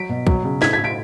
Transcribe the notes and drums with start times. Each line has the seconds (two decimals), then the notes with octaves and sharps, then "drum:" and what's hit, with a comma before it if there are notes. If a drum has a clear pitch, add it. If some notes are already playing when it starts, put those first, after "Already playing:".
Already playing: F#3 B6 D7
0.09 B2
0.27 F#3, drum: kick
0.44 C#3
0.62 A2 G#6 B6, drum: snare
0.73 G#6 B6
0.79 A2
0.84 B6 D7